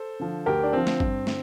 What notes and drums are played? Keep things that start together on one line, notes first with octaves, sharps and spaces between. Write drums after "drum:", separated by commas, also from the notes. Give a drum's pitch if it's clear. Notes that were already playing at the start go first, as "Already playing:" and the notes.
Already playing: A4 C5
D3 F3
D2 G4 A#4
D4
D3 F3 C4
drum: snare
G2, drum: kick
D3, drum: snare